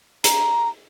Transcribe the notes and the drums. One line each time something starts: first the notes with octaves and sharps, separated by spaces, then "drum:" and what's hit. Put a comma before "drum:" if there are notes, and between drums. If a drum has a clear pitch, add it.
A#5, drum: hi-hat